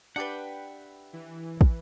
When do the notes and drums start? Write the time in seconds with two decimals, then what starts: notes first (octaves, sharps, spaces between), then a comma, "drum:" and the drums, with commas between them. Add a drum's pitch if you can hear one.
0.16 D4 G4 B4 E5 F#5 G5
1.13 E3
1.61 drum: kick